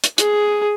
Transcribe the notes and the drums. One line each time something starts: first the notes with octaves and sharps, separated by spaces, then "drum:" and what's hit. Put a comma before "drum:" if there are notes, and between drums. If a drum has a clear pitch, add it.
drum: hi-hat
G#4, drum: hi-hat